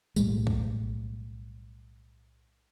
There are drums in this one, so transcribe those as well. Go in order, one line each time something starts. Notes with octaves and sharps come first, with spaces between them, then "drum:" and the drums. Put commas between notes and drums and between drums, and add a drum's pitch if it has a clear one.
B1 A2 G3 G#3, drum: tambourine
drum: kick